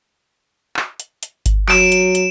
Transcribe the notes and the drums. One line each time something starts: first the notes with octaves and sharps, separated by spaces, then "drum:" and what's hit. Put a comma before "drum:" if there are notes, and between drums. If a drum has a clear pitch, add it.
drum: clap
drum: hi-hat
drum: hi-hat
drum: kick G1, hi-hat
F#3 D7 E7, drum: clap
drum: hi-hat
drum: hi-hat